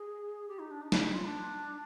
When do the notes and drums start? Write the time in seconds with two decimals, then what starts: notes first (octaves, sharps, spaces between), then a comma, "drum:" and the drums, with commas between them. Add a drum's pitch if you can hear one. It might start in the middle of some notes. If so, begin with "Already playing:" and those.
Already playing: G#4
0.48 G4
0.59 D#4
0.71 D4
0.81 D#4
0.92 D#4, drum: snare
1.03 D#4
1.14 F4
1.25 D4